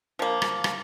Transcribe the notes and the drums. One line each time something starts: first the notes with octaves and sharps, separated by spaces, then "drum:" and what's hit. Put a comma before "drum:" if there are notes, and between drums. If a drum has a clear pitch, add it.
F3 A#3
drum: rim click
drum: rim click